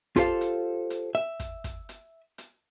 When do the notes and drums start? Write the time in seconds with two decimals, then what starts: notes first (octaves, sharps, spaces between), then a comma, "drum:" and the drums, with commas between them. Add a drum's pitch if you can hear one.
0.16 F4 G4 A4 C5 F5, drum: kick, hi-hat
0.41 drum: hi-hat
0.90 drum: hi-hat
1.15 E5
1.40 drum: kick, hi-hat
1.64 drum: kick, hi-hat
1.89 drum: hi-hat
2.38 drum: hi-hat